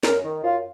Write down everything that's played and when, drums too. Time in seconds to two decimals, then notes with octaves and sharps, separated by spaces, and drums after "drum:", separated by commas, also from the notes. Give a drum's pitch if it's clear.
0.03 F#2 A#4, drum: snare
0.24 D#3
0.43 F#2 F4